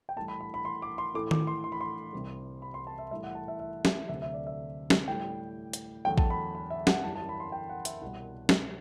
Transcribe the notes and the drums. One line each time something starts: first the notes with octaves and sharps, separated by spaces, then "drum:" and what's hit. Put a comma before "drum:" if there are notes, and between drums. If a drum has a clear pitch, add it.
G5
A2 E3 G3 A5
B5
B5
B5
C6
D6
C6
A2 E3 A3 D6
D6, drum: tom D#3
C6
C6
B5
C6
C2 C3 G3
B5
C6
A5
E5
A2 E3 G3 E5
F#5
A5
E5
E5
E5, drum: snare
D2 C3 F#3 A3 E5
E5
D5
E5
drum: snare
A2 G3 G5
drum: hi-hat
E2 D3 F#3 A3 G5
A5, drum: kick A#1
B5
B5
E5
F#5, drum: snare
F#2 E3 G3 A5
A5
B5
C6
G5
F#5
E5, drum: hi-hat
C2 B2 G3 F#5
drum: snare